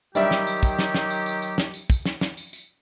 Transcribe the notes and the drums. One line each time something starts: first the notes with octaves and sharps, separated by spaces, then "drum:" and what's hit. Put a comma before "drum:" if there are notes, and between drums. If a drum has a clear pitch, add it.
D#3 F#3 G3 G4 D5 E5, drum: tambourine
drum: snare
drum: tambourine
drum: kick, tambourine
drum: snare
drum: snare
drum: tambourine
drum: tambourine
drum: tambourine
drum: snare
drum: tambourine
drum: kick, tambourine
drum: snare
drum: snare
drum: tambourine
drum: tambourine